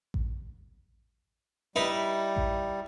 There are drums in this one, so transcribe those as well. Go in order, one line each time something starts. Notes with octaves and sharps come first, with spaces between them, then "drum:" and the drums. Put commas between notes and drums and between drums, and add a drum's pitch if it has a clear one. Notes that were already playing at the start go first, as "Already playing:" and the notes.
drum: kick A1
G3 D#4 E4 B4
drum: kick A1